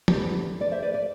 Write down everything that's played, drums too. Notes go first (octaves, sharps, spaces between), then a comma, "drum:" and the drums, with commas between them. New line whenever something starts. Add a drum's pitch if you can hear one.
C5, drum: tom
E2 D3 G3 G4 B4
B4 D5
C5 E5
B4 D5
B4 D5